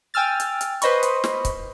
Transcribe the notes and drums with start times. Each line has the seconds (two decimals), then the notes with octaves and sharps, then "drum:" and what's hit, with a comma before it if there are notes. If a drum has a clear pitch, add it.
0.14 G5 G#5 E6 F6 A6
0.40 drum: hi-hat
0.61 drum: hi-hat
0.82 B4 C5 D#5 B5 C#6, drum: hi-hat
1.03 drum: hi-hat
1.24 drum: snare
1.45 drum: kick C#1, hi-hat